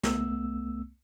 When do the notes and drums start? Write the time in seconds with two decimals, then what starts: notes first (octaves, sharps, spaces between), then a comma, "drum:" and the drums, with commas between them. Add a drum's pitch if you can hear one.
0.03 C2 A3 B3 E6, drum: snare